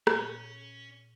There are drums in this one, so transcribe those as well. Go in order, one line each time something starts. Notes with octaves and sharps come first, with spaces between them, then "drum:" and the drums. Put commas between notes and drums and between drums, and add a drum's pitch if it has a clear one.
A#2 C#4 G#4 A#4, drum: rim click